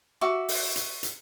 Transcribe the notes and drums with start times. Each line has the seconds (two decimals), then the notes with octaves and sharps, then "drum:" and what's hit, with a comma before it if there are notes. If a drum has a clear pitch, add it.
0.21 F#4 E5 D6
0.49 drum: open hi-hat
0.76 drum: hi-hat
1.03 drum: hi-hat